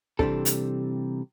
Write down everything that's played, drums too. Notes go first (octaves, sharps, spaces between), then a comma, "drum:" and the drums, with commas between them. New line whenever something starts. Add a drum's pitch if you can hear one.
C3 E3 G3 C4 D4 A4, drum: kick
drum: hi-hat